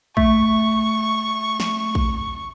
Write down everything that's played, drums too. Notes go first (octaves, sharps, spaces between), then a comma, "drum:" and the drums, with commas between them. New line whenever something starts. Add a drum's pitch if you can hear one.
A3 C#6, drum: kick
drum: snare
drum: kick